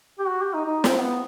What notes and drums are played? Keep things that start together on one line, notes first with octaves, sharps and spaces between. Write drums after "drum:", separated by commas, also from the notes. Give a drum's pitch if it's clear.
G4
F#4
G4
D#4
D#4
C4, drum: snare
B3